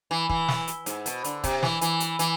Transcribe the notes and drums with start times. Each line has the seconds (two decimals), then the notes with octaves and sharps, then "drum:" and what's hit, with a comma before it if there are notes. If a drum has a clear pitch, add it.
0.11 E3
0.29 E3, drum: kick
0.49 drum: snare
0.67 drum: hi-hat
0.86 G#2, drum: hi-hat
1.06 B2, drum: hi-hat
1.24 D3, drum: hi-hat
1.44 C3, drum: kick, hi-hat
1.63 E3, drum: snare
1.81 E3, drum: hi-hat
2.00 drum: hi-hat
2.19 E3, drum: hi-hat